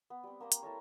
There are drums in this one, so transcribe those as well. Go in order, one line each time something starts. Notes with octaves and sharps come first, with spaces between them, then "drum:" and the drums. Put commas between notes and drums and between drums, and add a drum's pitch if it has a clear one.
B3
G3 C4
A#3 G4 C5 A#5
drum: hi-hat
E4 A4 A#4 C#5